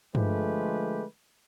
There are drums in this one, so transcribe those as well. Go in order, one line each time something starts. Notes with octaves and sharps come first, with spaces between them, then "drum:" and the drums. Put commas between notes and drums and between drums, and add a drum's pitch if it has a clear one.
D3 F3 G#3 A3 G4 B4, drum: tom G2